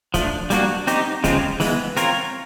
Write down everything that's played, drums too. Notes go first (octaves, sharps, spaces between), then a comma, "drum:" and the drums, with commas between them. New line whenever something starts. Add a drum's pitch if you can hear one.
F3 A3 D4, drum: kick, hi-hat
G3 A#3 D4 F#4, drum: hi-hat
C4 D#4 G4, drum: hi-hat
C#3 F3 G#3 C4 F4, drum: kick, hi-hat
E3 G#3 B3, drum: open hi-hat
C4 F4 A#4 C#5, drum: hi-hat